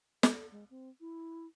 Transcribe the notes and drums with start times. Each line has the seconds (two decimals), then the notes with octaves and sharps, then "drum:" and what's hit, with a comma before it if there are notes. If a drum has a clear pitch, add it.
0.23 A4, drum: snare
0.52 G#3
0.70 C4
1.01 E4